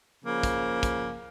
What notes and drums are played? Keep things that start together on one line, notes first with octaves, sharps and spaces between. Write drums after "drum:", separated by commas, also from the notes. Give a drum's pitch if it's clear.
C#3 F3 A#3
drum: kick, hi-hat
drum: kick, hi-hat